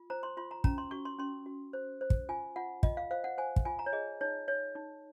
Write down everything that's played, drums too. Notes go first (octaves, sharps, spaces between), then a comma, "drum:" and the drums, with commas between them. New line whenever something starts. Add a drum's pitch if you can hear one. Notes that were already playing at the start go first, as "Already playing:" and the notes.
Already playing: F4
C5 A#5
C6
F4 C6
A#5
C#4 A#5, drum: kick
C6
F#4 C#6
C6
C#4 C6
F#4
C5
C5
drum: kick
F4 G#5
F4 F#5
F4 D#5, drum: kick
F5
C5 F5
F#5
C5 G#5
drum: kick
F4 G#5
A#5
C#5
G#4 D#5
D#4 C#5
C#5
D#4